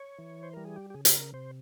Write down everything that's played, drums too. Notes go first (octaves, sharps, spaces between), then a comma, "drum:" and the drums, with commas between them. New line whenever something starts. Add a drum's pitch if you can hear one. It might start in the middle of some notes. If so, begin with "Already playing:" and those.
Already playing: C#5
E3
C5
G3 A#4
G#4
G4
G4
C#3 G#4
G#4, drum: hi-hat
A#4
C3 C5